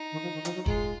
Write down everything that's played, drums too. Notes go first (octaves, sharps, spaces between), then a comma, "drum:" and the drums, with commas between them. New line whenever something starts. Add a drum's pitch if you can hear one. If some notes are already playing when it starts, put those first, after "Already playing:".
Already playing: D#4
D#3
F3
D#3
F3, drum: hi-hat
F#3
G#3 F4, drum: kick F1